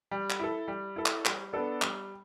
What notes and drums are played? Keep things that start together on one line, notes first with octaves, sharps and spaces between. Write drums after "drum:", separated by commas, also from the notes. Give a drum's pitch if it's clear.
G3
drum: clap
E4 A4
G3
E4 A4
drum: clap
G3, drum: clap
B3 D4 A4 D5
G3, drum: clap